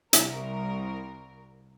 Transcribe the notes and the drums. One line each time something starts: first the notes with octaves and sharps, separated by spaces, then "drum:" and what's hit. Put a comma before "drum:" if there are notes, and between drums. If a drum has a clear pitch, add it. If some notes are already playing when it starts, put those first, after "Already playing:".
C2 A#4 E5, drum: hi-hat